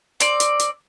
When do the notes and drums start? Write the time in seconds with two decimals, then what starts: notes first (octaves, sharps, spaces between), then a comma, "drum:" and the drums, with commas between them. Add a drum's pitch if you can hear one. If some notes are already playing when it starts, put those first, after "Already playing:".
0.20 C4 D5, drum: hi-hat
0.40 drum: hi-hat
0.59 drum: hi-hat